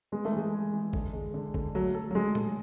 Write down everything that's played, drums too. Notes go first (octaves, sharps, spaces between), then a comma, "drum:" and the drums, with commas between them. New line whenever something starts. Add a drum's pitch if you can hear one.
G#3 B3
A3
E3 G#3
G#4
E3
D3, drum: kick
G#3
D3
D3, drum: kick
F#3 A3
A4
F#3
G#3 A4
A4, drum: tom A2